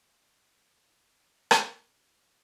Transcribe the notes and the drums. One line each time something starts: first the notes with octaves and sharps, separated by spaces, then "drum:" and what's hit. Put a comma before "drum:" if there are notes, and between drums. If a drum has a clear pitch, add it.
C4 D#4 C5 G5
A#2
drum: rim click
F4
A2 G4 A4